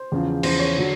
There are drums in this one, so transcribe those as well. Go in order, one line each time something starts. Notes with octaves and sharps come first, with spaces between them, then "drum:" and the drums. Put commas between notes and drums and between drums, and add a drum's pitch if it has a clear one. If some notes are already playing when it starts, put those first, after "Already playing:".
Already playing: C5
E2 C#3 F3
E2 C#3 F3 C5, drum: cymbal
C#5
D3 F#3